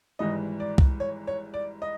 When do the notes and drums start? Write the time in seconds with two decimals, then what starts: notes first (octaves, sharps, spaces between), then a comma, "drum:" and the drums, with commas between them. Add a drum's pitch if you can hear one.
0.19 G#1 G#2 E3 G3 D#5
0.60 D5
0.78 drum: kick
1.00 C#5
1.27 C#5
1.54 D5
1.82 D#5